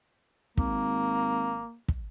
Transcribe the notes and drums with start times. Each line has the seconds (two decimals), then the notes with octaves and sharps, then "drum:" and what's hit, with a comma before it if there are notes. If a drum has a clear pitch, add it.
0.57 G#1 A#3, drum: kick
1.88 drum: kick